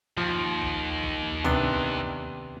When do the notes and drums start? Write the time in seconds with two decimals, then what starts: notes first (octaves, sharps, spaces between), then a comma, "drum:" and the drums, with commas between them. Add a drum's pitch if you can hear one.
0.18 D#2 F3
0.62 drum: kick B1
1.03 drum: kick B1
1.44 C3 B3 D4, drum: tom